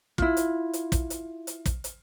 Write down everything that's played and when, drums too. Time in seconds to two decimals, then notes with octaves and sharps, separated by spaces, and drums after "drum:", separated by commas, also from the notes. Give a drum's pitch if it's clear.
0.18 E4 F4, drum: kick
0.37 drum: hi-hat
0.73 drum: hi-hat
0.92 drum: kick, hi-hat
1.10 drum: hi-hat
1.47 drum: hi-hat
1.66 drum: kick, hi-hat
1.84 drum: hi-hat